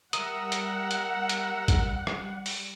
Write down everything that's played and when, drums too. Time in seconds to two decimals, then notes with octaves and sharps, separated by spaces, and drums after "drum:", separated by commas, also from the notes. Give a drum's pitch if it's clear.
0.13 G3 A#4 E5 F#5 D#6, drum: hi-hat
0.52 drum: hi-hat
0.91 drum: hi-hat
1.29 drum: hi-hat
1.68 drum: kick A1, hi-hat
2.07 drum: rim click
2.46 drum: open hi-hat